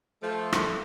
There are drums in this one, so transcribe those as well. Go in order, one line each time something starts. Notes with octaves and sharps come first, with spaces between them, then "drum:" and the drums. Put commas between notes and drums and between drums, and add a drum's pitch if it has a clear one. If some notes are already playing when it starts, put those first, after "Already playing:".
F3 A3
drum: rim click